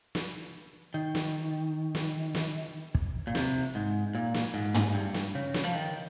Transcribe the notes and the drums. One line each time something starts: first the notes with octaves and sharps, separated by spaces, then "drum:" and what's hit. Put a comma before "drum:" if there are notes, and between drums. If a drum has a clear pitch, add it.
drum: snare
D#3
drum: snare
drum: snare
drum: snare
drum: kick
A#2
C3, drum: snare
G#2
A#2
drum: snare
G#2
drum: tom
G2
drum: snare
C#3
drum: snare
F3
D#3